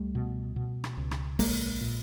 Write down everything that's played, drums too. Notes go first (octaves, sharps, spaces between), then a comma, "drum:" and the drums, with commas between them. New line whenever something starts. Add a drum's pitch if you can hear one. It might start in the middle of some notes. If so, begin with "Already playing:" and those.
Already playing: C#2 G3 A3
B2
B2
drum: rim click
C#2
drum: rim click
A#1 G#3 A#3, drum: open hi-hat
A#2